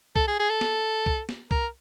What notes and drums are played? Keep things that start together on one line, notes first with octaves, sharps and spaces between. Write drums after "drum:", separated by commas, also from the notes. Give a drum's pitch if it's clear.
A4, drum: kick C2
G#4
G#4
A4
drum: snare
drum: kick C2
drum: snare
A#4, drum: kick C2